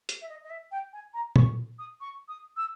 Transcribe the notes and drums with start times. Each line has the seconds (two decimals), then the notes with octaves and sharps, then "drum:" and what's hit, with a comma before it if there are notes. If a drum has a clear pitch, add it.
0.09 drum: hi-hat
0.21 E5
0.29 D#5
0.44 D#5
0.50 E5
0.71 G5
0.93 G#5
1.13 A#5
1.36 C#6, drum: tom A#2
1.78 D#6
2.00 C#6
2.28 D#6
2.56 E6